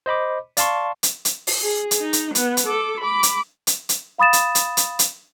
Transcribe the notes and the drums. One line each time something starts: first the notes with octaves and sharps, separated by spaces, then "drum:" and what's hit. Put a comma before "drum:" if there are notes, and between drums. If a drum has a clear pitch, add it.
C5 D#5 B5 D6
D5 F5 A5 C6 C#6, drum: hi-hat
drum: hi-hat
drum: hi-hat
drum: open hi-hat
G#4
drum: hi-hat
D#4
drum: hi-hat
B3, drum: hi-hat
drum: hi-hat
A4 D6
B5 D6
drum: hi-hat
drum: hi-hat
drum: hi-hat
F5 B5 D#6 A6 E7
drum: hi-hat
drum: hi-hat
drum: hi-hat
drum: hi-hat